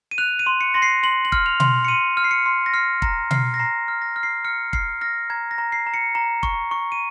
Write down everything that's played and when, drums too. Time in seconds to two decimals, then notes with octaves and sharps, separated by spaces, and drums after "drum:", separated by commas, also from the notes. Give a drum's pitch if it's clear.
0.11 D#7
0.18 F#6 F7
0.39 D#7
0.47 C6
0.61 C#7
0.74 C6 A#6
0.82 C7
1.03 C6 F#7
1.25 F#7
1.32 F6, drum: kick
1.46 F7
1.60 C6, drum: tom B2
1.85 C#7
1.88 C6 D#7
2.17 F6
2.24 C7
2.31 C#7
2.46 C6
2.66 A#6
2.74 F6 C7
3.02 A#5 A#6, drum: kick
3.31 F6 C7, drum: tom B2
3.54 A#6
3.59 A#5 C7
3.88 F6
4.02 A#6
4.16 F6
4.23 C7
4.45 F6 C#7
4.73 F6 C7, drum: kick
5.01 F6 A#6
5.30 A#5 G#6
5.51 A#6
5.58 A#5
5.72 C7
5.87 A#5
5.94 C#7
6.15 A#5
6.43 C#6, drum: kick
6.71 C#6
6.92 D#7